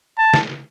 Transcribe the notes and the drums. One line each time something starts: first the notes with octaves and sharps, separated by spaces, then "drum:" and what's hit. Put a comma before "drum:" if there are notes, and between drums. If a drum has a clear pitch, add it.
A5
drum: snare